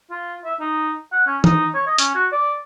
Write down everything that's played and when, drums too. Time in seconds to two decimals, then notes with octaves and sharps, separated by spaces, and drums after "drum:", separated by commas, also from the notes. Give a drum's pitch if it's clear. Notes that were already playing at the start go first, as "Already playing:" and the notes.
0.11 F4
0.44 E5
0.60 D#4
1.12 F#5
1.27 C#4
1.44 D#4, drum: tom E3
1.74 C#5
1.87 D#5
1.98 C#4, drum: hi-hat
2.15 F#4
2.32 D5